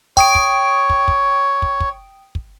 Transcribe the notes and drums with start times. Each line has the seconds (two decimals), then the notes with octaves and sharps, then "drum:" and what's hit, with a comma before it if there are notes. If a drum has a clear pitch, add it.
0.17 C#5 G5 D#6 D7, drum: kick
0.35 drum: kick
0.90 drum: kick
1.08 drum: kick
1.62 drum: kick
1.80 drum: kick
2.35 drum: kick